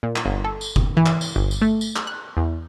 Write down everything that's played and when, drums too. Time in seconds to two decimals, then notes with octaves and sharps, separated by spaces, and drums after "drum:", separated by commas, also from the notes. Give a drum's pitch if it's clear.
0.03 A#2
0.16 drum: clap
0.26 G1
0.44 A4
0.61 drum: tambourine
0.76 drum: kick F#1
0.97 E3
1.06 drum: clap
1.21 drum: tambourine
1.36 G1
1.51 drum: tambourine
1.62 A3
1.81 drum: tambourine
1.96 drum: clap
2.07 F#6
2.37 E2